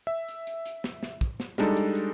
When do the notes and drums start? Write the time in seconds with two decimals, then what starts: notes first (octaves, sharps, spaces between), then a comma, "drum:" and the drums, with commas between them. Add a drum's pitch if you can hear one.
0.07 E5
0.29 drum: hi-hat
0.47 drum: hi-hat
0.66 drum: hi-hat
0.84 drum: snare
1.03 drum: snare
1.21 drum: kick, hi-hat
1.40 drum: snare
1.58 G3 G#3 D4 D#4 A4, drum: snare
1.77 drum: hi-hat
1.95 drum: hi-hat